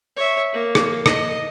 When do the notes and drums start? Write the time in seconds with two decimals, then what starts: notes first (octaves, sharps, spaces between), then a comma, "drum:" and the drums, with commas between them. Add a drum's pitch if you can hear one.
0.17 C#5 E5
0.53 A#3
0.75 drum: rim click
1.06 D#5, drum: rim click